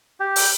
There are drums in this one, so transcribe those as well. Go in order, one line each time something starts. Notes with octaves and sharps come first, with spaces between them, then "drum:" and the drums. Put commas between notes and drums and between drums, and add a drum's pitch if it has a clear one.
G4
drum: open hi-hat